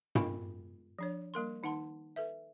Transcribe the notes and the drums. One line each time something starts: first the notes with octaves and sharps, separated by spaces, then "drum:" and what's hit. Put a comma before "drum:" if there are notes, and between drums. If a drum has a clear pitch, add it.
B3 F4 A#4 F5 G#5 B5, drum: tom
F3 D4 C#5
G3 A#3 A#4 C6
D#3 D#4 F#5 A5 C6
A4 B4 E5